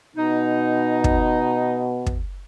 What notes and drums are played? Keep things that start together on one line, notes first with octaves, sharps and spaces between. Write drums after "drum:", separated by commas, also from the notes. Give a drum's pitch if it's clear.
B2 D#4
drum: kick
drum: kick